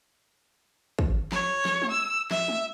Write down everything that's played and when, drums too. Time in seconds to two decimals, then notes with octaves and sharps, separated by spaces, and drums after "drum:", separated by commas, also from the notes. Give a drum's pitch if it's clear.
0.99 drum: kick
1.32 C#5, drum: snare
1.65 drum: snare
1.82 drum: tom
1.91 E6
2.31 E5, drum: snare
2.48 drum: tom